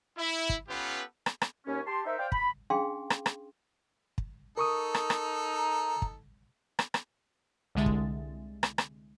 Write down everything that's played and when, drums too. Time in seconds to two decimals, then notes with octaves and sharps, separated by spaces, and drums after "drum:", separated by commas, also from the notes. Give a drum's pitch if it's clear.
0.18 E4
0.49 drum: kick
0.69 B3 C#4 F4 G4 A4 B4
1.26 drum: rim click
1.42 drum: rim click
1.66 D#2 C#4
1.87 G4 A5 C6
2.06 D#4 A#4 C5 E5
2.18 C5 D5 F5 G5
2.32 B5, drum: kick
2.70 C#4 D4 G#4 F5 G5 C6
3.10 drum: rim click
3.26 drum: rim click
4.18 drum: kick
4.57 D#4 A4 A#4 C#6 D#6
4.95 drum: rim click
5.10 drum: rim click
5.56 A#5
6.02 drum: kick
6.79 drum: rim click
6.94 drum: rim click
7.75 C2 D3 G#3 E5 A6
7.86 drum: kick
8.63 drum: rim click
8.78 drum: rim click